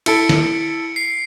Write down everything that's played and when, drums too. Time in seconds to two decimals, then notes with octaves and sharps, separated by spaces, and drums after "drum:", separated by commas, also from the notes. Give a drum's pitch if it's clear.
0.06 E4 A4 C#7 D7, drum: cymbal
0.29 drum: snare
0.96 C7